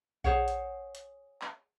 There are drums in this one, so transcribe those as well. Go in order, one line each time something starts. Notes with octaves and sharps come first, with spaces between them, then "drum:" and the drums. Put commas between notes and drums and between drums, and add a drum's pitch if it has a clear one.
G#4 C5 C#5 F#5, drum: kick B1
drum: hi-hat
drum: hi-hat
drum: clap